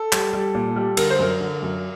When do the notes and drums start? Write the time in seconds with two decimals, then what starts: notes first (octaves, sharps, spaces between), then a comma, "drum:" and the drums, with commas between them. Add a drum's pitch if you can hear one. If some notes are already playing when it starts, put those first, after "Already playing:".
Already playing: A4
0.12 G3, drum: clap
0.33 G3
0.54 A#2
0.76 G3
0.97 D3 A#4, drum: cymbal
1.10 C5
1.19 F#2 A#4
1.40 D3
1.62 F#2